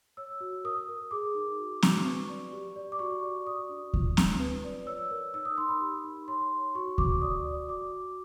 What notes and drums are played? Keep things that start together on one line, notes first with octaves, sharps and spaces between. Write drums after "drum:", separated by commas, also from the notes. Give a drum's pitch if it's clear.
C#5 E6
F#4
A#4 D#6
A#4
G#4 D6
D#4
F#4
F#4, drum: snare C4
B4 C#6
D5
G4
D5
D6
F#4 C#6
D5
D5 D#6
D4
F4, drum: kick D2
F4, drum: snare C4
B4
D5
C#5 E6
A#4
D#4 E6
D#6
D#4 C6
B5
G4
D#4
C#5 C6
C#5
F#4 C#6
F#4 D6, drum: kick D2
D5 D#6
D5
F#4 D6
F#4